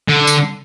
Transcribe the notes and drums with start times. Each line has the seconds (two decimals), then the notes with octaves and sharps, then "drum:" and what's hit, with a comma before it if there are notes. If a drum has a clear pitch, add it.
0.09 D3
0.27 drum: tambourine